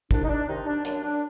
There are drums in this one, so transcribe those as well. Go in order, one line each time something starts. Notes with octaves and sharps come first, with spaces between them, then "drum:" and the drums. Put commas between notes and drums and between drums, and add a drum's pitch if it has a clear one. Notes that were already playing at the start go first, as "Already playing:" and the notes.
C2 D4, drum: kick
D#4
D4
C3 D#3 D#4
D4
F#2 D4, drum: hi-hat
D4